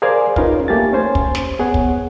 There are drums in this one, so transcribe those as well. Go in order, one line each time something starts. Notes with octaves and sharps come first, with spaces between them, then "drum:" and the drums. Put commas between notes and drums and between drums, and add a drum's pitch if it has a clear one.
G#4 A#4 C5 D5 F5 G#5
C#4 D#4 F4 A#4 B4 F5, drum: kick
A3 A#3 G4 F5 G#5 A6
C#4 C5 G#5
drum: kick
drum: snare
B3 G#4 C#5 F#5
drum: kick